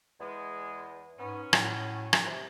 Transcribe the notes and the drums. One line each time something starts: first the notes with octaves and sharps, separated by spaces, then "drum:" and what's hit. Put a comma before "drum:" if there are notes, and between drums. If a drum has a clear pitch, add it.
E2 G#3
G#2 B3 C#4
A2 F#3, drum: rim click
drum: rim click
C3